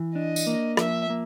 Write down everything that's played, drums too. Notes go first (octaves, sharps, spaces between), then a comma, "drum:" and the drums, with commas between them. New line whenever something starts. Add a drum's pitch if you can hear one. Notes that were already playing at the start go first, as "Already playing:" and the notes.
Already playing: E3
D4 D#5
drum: tambourine
A#3
F3 E5, drum: rim click
A#3